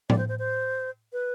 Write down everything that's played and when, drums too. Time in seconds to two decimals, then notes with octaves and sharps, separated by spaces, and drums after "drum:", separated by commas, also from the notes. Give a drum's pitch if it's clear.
0.10 D5, drum: tom A2
0.18 C5
0.29 C5
0.39 C5
1.13 B4